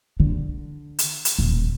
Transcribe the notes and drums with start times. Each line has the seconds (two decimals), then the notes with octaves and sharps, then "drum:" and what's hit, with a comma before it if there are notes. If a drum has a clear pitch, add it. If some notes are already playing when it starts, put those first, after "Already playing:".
0.20 D3
0.99 drum: hi-hat
1.25 drum: hi-hat
1.39 D#1